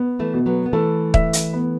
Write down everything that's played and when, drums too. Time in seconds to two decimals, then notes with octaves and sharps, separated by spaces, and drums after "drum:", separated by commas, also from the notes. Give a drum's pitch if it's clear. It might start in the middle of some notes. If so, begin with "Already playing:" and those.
Already playing: B3
0.19 E3 A3
0.33 B2
0.46 F#3 B3
0.66 B3
0.73 E3 A3 A4
1.14 E5, drum: kick D#1
1.33 drum: hi-hat
1.53 B3